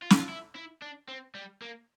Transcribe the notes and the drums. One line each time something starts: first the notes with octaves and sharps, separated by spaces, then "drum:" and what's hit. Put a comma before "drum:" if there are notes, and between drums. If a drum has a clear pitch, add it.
F4
G4, drum: snare
F4
E4
E4
D4
C4
G3
A#3